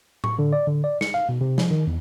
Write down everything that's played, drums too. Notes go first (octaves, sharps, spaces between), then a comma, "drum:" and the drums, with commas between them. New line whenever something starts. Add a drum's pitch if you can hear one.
C#6, drum: tom A2
D3
D5
D3
D5
C#7, drum: snare
F5
B2
C3
F3, drum: snare
D#3
E2